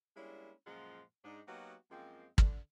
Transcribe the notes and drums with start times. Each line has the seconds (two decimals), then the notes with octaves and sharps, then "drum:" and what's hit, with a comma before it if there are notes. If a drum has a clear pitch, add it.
0.16 G3 G#3 A#3 C#4 D4 E4
0.66 F#2 A#2 F3 G#3 F4 F#5
1.24 G#2 D4 D#4
1.48 F#3 A#3 B3 D#4 F#4 G4
1.90 F#2 F3 G#3 A#3 C4
2.38 D3, drum: kick